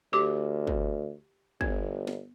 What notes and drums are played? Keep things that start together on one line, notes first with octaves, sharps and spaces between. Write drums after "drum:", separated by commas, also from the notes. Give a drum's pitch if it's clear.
D2 G4 D6
drum: kick
G1 B3, drum: kick
drum: snare